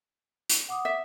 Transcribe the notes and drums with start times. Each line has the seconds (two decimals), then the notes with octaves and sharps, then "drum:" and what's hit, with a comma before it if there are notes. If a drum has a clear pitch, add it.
0.49 drum: hi-hat
0.69 F#5 D6 D#6
0.85 E5